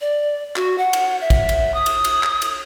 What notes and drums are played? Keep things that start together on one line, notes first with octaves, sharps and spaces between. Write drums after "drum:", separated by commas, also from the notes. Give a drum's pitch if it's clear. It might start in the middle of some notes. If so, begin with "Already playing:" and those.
D5
F#4, drum: clap
F#5
drum: cymbal
E5
drum: kick, cymbal
drum: cymbal
D#6
drum: cymbal
drum: cymbal
drum: clap
drum: cymbal